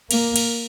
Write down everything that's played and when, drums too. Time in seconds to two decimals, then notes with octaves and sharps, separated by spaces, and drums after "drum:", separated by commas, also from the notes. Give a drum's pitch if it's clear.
0.11 A#3, drum: cymbal
0.36 drum: cymbal